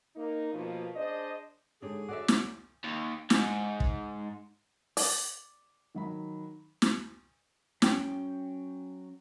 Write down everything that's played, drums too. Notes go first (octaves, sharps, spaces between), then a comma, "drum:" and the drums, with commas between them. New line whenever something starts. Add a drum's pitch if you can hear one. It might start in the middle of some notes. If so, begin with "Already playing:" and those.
A#3 D#4
B2 F3 A#3
D4 G#4 C5 D5 D#5
G#2 D3 D4 G4 G#4 C#5
F#4 A4 C#5 D5 E5 F#5 D6
drum: snare
D#2
G#2, drum: snare
drum: kick
D5, drum: open hi-hat
D#3 F#3 B5
drum: snare
F#3 C#4 G5, drum: snare